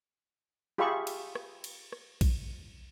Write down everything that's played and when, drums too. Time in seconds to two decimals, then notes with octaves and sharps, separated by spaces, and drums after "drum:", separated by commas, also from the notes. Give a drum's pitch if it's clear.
0.78 F4 G4 G#4 E5 B5 C#6
1.07 drum: cymbal
1.35 drum: rim click
1.64 drum: cymbal
1.92 drum: rim click
2.21 drum: kick, cymbal